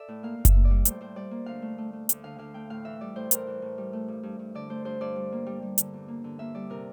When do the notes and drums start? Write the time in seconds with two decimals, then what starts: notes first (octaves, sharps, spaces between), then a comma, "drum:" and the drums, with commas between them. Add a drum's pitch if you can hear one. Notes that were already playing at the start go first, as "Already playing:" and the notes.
Already playing: A4 D5 E5
0.08 A2
0.23 A#3 F5
0.39 A2
0.45 E5, drum: kick F#1, hi-hat
0.55 A#3
0.65 D5
0.70 G3
0.85 A2 C5, drum: hi-hat
1.01 A2 C5
1.16 G3 D5
1.31 A#3
1.46 D2 F5
1.62 A3
1.78 A3
1.93 A3
2.09 D2, drum: hi-hat
2.24 D3 F5
2.39 D3 F5
2.54 A3 G5
2.70 A2 F5
2.85 E3 E5
3.01 G3 D5
3.16 A2 C5
3.31 A2 A#4, drum: hi-hat
3.47 E3
3.62 A2
3.78 G3
3.93 A3
4.08 G2
4.23 G2
4.39 G2
4.55 D3 D5
4.70 A3 C5
4.85 G2 C5
5.01 G2 D5
5.16 G3
5.32 A#3
5.46 G3
5.62 G3
5.78 D3, drum: hi-hat
5.93 E2
6.08 A#3
6.24 D3
6.39 A#3 E5
6.55 G3 D5
6.70 C3 A#4